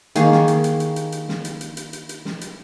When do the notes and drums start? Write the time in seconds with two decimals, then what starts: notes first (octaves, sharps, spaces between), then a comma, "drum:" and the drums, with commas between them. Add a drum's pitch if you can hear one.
0.15 D#3 A#3 G#4 C#6, drum: hi-hat
0.32 drum: snare
0.48 drum: hi-hat
0.64 drum: hi-hat
0.80 drum: hi-hat
0.96 drum: hi-hat
1.12 drum: hi-hat
1.28 drum: snare
1.45 drum: hi-hat
1.61 drum: hi-hat
1.77 drum: hi-hat
1.93 drum: hi-hat
2.09 drum: hi-hat
2.25 drum: snare
2.41 drum: hi-hat